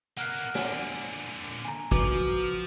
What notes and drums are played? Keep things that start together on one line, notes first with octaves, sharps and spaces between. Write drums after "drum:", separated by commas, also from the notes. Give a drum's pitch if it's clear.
B2 A#3 F#5 F6 F#6
A#2 D3 G#5, drum: snare
G#5 A#5
F3 F#4 B4 D6, drum: kick